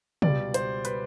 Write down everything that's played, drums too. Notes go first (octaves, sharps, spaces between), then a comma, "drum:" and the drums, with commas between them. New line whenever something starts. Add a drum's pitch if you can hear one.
C#2 B2 G3 D5, drum: tom
C5, drum: hi-hat
B4, drum: hi-hat